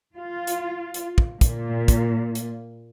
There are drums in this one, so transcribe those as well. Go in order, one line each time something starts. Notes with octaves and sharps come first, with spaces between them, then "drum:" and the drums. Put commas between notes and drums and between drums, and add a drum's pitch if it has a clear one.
F4
drum: hi-hat
drum: hi-hat
drum: kick
A#2, drum: kick, hi-hat
drum: kick, hi-hat
drum: hi-hat